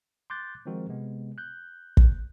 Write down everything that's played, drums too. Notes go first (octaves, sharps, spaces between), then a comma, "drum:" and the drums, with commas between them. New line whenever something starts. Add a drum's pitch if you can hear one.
C6 D6 F#6 G6 A6
D#3 F3 G#3 C4 F#4 A#4
C3 G#3 B3
F#6 G6
drum: kick